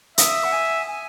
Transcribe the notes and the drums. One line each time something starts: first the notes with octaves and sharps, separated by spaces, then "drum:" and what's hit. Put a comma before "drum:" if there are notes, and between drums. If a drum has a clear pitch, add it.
E5 D#6, drum: hi-hat
F#5
G#5
G#5